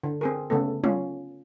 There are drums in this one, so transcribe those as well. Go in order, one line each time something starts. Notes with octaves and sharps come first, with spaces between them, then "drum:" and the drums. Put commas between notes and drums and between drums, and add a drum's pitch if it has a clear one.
D3
C4 G#4 A#4
C#3 A3 B3 A4
C#4 F4, drum: tom